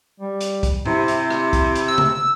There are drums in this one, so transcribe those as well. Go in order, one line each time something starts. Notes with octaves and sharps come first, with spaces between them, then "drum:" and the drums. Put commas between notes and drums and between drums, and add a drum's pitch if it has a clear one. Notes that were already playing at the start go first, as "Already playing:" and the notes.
G3
drum: hi-hat
drum: kick, hi-hat
C3 E4, drum: tom G#2
drum: hi-hat
drum: rim click
drum: kick, hi-hat
drum: hi-hat
E6
drum: tom C3